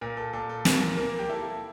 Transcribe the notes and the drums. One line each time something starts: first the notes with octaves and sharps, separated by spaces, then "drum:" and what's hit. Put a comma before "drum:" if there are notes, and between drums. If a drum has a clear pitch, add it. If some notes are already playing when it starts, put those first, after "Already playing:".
A#2 A#4
A4
A#2 A4
A4
A#2 A#4, drum: snare
A#3 A#4
G4
E4 A4